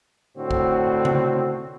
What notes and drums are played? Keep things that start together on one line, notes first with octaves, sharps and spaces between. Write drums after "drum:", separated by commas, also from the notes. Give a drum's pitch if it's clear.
A2 D3 C4 F#4
drum: kick
drum: tom C#3